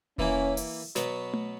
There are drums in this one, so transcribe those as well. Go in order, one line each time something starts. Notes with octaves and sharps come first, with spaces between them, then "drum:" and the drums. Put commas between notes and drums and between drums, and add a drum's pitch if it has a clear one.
E3 A#3 C#4 E4, drum: kick E1
drum: open hi-hat
B2 F#3 B3, drum: snare
drum: tom A3